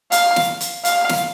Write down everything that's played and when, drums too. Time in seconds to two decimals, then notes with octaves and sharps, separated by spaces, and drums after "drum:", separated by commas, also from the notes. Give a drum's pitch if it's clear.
0.12 F5, drum: hi-hat
0.36 drum: snare
0.61 drum: hi-hat
0.85 F5, drum: hi-hat
1.09 drum: snare